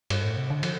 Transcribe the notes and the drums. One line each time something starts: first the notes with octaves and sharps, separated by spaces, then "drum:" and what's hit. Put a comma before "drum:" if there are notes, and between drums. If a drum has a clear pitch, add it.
G2, drum: cymbal
A2
C3
D3
F3, drum: cymbal